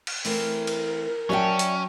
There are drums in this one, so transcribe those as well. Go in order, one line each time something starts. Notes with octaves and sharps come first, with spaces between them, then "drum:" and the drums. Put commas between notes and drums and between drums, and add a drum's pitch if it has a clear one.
drum: cymbal
E3 A3 C4 A#4, drum: open hi-hat
drum: cymbal
F#3 C#4 F#4 D5 E5 G5 A5
drum: hi-hat